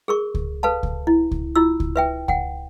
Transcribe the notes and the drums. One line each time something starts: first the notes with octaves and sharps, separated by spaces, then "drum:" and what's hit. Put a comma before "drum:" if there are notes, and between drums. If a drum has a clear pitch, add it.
G#4 A#4 C#6
drum: kick C#2
A4 B4 F5 A5
drum: kick C#2
E4
drum: kick C#2
E4 F4 E6
drum: kick C#2
B4 E5 G5
F#5 G5, drum: kick C#2